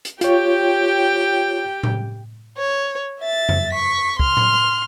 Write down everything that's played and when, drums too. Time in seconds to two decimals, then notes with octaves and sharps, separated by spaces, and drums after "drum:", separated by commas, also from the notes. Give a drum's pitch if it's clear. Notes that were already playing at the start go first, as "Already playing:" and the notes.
0.05 drum: hi-hat
0.21 F4 G4 C#5 G5, drum: hi-hat
1.83 drum: tom A2
2.57 C#5
3.20 E5 A6
3.49 drum: tom F2
3.74 C#6 B6
4.20 C6 F6, drum: kick
4.37 drum: tom A2